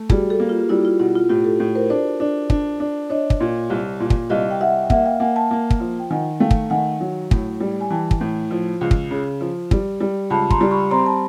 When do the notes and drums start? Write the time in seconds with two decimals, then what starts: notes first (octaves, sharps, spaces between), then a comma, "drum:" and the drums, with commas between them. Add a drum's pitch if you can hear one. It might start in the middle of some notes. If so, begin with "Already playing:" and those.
Already playing: A3
0.10 G3 F#4 G#4, drum: kick
0.30 G4 A4
0.40 A#3
0.49 F4 G4
0.69 G3 E4 F#4
0.85 F4
0.99 B2 E4
1.16 F4
1.29 A2 F4 G4
1.44 G4 A4
1.60 A2
1.75 A#4 C5
1.90 D4 C5 D5
2.20 D4
2.50 D4, drum: kick
2.80 D4
3.10 D4 C#5 D#5
3.30 drum: kick
3.40 A#2
3.70 C2
4.00 A#2
4.10 drum: kick
4.30 C2 D#5 F5
4.51 G5
4.61 C2 E5 F#5
4.84 G5
4.90 A#3 E5 F#5, drum: kick
5.05 F5 G5
5.20 A#3 F#5 G#5
5.36 G5 A5
5.51 A#3
5.70 drum: kick
5.80 F3
6.00 G5
6.10 D#3 F#5 G#5
6.40 A3 F5 G5
6.51 drum: kick
6.70 D#3 F#5 G#5
7.01 F#3
7.31 A2, drum: kick
7.60 G3
7.81 G#5
7.90 E3 G5 A5
8.11 drum: kick
8.21 A2
8.51 F3
8.81 C#2
8.91 drum: kick
9.11 C#3
9.41 F3
9.71 G3, drum: kick
10.01 G3
10.30 C#2 A5 B5
10.50 A#5 C6, drum: kick
10.61 G3
10.71 B5 C#6
10.91 C4 A#5 C6
11.06 A5 B5